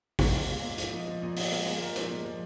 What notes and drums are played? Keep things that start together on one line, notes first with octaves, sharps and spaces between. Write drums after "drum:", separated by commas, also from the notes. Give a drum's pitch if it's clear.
G#3 F5, drum: kick, open hi-hat
A#2 F5
G#3 F5
A#2
F3 F5, drum: hi-hat
F3 D#5
F3
A#2 D#5
A#2 D#5, drum: open hi-hat
G#3 F5
G#3 D#5
F3 A#4
A#2, drum: hi-hat
G#3
F3